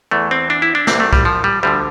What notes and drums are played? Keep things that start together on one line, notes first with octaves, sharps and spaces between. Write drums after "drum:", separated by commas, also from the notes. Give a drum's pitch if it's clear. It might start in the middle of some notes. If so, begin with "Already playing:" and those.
E2 E3 A3
C4
D4
E4
D4
C2 C3 E3 C4, drum: snare
A3
G3, drum: kick C2
F3
G3
D2 D3 F3 G3